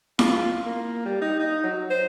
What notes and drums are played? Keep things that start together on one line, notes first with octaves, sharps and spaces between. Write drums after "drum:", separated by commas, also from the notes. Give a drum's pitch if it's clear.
F4, drum: snare E4
A#3
G3
D#4
D#4
F#3
C5